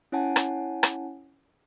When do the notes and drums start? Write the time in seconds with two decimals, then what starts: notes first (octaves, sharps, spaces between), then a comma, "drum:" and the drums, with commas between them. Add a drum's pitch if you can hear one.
0.12 C#4 E4 C#5 F#5 G#5 A5
0.36 drum: rim click
0.83 drum: rim click